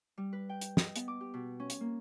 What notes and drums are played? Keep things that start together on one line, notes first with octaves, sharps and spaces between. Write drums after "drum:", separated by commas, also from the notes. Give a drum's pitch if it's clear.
G3
B4
G5
drum: hi-hat
D#5, drum: snare
B3, drum: hi-hat
D6
G4
B2
C#4
drum: hi-hat
A#3